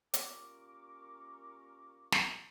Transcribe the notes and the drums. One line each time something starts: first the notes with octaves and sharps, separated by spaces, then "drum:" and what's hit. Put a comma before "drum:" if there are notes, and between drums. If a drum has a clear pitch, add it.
A#2 C#4 G4 A#4 C#6 D6, drum: hi-hat
drum: snare